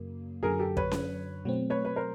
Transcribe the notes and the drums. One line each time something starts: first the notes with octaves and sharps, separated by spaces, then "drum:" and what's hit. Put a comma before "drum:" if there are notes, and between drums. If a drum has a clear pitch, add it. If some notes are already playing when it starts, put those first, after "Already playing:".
Already playing: F#2 C#3 F#3 A#3
F#2 D3 F#3 G#4 A#4
G4 A4
B4 C#5, drum: kick
drum: snare C#4
B2 F#3 A3 C4
B4 C#5
B4
A#4 C5